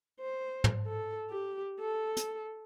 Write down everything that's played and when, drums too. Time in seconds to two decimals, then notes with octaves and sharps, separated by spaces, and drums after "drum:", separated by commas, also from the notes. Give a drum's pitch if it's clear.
0.20 C5
0.64 drum: tom
0.86 A4
1.30 G4
1.80 A4
2.17 drum: hi-hat